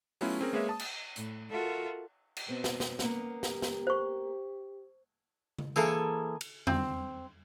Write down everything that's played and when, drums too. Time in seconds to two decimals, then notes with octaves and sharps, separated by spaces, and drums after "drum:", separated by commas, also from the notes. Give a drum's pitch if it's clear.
0.21 F#3 A3 B3 C#4 E4 F4, drum: open hi-hat
0.41 C4 C#4 G#4 A#4
0.53 G#3 A#3 G#4 B4 C#5 E5
0.69 A5 D#6
0.80 drum: cymbal
1.16 A2, drum: hi-hat
1.50 F4 F#4 A4 A#4 E5
2.37 drum: cymbal
2.48 B2 B3 C4
2.64 drum: snare
2.80 drum: snare
2.99 A#3 B3 C#4, drum: snare
3.43 G4, drum: snare
3.62 drum: snare
3.87 C5 C#6
5.58 drum: tom C#3
5.76 E3 A#3 G#4 A4, drum: tambourine
6.41 drum: cymbal
6.67 C4, drum: tom